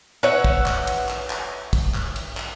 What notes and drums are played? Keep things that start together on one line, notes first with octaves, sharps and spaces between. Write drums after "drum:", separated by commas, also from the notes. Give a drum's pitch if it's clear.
B4 C#5 E5 F#5
drum: kick
drum: clap
drum: cymbal
drum: clap
drum: clap
drum: kick, cymbal
drum: clap
drum: cymbal
drum: clap